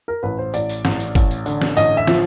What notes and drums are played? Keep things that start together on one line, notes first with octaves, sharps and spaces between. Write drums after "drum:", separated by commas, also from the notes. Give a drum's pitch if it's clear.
A#4
A1 B4
C5
A1 D5, drum: tambourine
drum: tambourine
A1, drum: snare
drum: tambourine
A1, drum: kick, tambourine
drum: tambourine
D3, drum: tambourine
drum: snare
A1 D#5, drum: tambourine
E5
F3, drum: snare